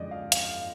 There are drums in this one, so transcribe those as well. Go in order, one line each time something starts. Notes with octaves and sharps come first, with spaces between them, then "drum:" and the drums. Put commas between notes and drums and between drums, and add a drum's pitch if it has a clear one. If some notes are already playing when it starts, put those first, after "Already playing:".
Already playing: F2 D3 G#3 D5 D#5
F5
F5, drum: hi-hat